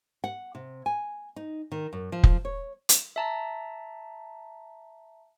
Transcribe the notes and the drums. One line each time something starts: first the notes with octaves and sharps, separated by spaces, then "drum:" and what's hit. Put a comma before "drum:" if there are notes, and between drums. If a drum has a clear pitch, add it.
F#5
C3
G#5
D#4
D#3
F#2
F3
drum: kick F1
C#5
drum: hi-hat
E5 A5 A#5